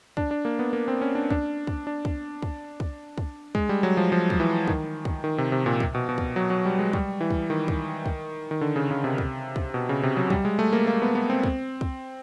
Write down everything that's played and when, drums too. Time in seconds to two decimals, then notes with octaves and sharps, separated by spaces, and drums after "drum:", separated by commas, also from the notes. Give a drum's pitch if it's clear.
0.17 D4, drum: kick
0.31 D4
0.45 A#3
0.59 B3
0.73 A#3
0.88 C4
1.01 C#4
1.15 D4
1.30 D4, drum: kick
1.67 drum: kick
1.87 D4
2.05 drum: kick
2.42 drum: kick
2.80 drum: kick
3.18 drum: kick
3.55 G#3, drum: kick
3.69 G3
3.83 F#3
3.97 F3
4.12 F3
4.30 drum: kick
4.40 E3
4.67 D#3, drum: kick
5.05 drum: kick
5.24 D#3
5.38 C3
5.52 C3
5.66 A#2
5.80 drum: kick
5.95 B2
6.09 B2
6.18 drum: kick
6.36 F#3
6.50 F#3
6.65 G3
6.79 G#3
6.93 G3, drum: kick
7.21 E3
7.31 drum: kick
7.50 D#3
7.68 drum: kick
8.06 drum: kick
8.51 D#3
8.61 D3
8.76 C#3
8.91 C#3
9.04 C3
9.18 drum: kick
9.56 drum: kick
9.74 B2
9.89 C#3
10.03 C3
10.17 F#3
10.30 G3, drum: kick
10.45 G#3
10.59 A3
10.73 A#3
10.87 A#3
11.02 B3
11.15 B3
11.30 C4
11.44 drum: kick
11.81 drum: kick